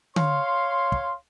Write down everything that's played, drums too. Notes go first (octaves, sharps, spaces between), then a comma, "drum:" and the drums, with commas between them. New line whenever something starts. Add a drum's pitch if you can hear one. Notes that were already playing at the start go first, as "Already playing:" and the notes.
C#5 F5 C6, drum: tom D3
drum: kick